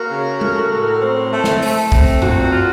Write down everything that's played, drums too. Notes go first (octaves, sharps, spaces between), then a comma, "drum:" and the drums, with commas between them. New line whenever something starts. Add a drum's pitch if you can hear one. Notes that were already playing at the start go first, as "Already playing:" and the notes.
Already playing: A#3 F#4 A#4
C#3
A3, drum: tom G#3
A2
C4
A3
drum: snare
A3, drum: open hi-hat
C4, drum: kick A#1
A#2 F#4, drum: tom F#2
F4